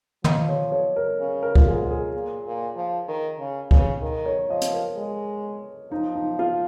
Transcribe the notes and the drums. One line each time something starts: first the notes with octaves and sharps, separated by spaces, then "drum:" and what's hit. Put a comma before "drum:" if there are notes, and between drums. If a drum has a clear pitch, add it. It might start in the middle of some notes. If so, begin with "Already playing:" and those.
F3 D#5, drum: tom
C#5
C#5
A#4
C#3
A#4
F4, drum: kick C#2
G#2 G#4
G#4
A#2
A#2
F3
D#3
C#3
C#3, drum: kick C#2
D#3
C#5
F3 D#5
drum: hi-hat
A#4
G#3
F3 D#4
D#4
F4